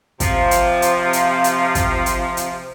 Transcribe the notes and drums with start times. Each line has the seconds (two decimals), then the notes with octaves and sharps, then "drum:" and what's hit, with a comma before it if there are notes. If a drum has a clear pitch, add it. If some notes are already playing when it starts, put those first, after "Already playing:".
0.20 C3 F3, drum: kick, hi-hat
0.51 drum: hi-hat
0.82 drum: hi-hat
1.13 drum: hi-hat
1.44 drum: hi-hat
1.75 drum: kick, hi-hat
2.06 drum: hi-hat
2.37 drum: hi-hat